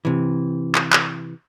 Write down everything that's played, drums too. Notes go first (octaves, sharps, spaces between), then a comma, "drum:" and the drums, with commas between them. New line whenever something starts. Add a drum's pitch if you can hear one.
C3 E3
drum: clap
drum: clap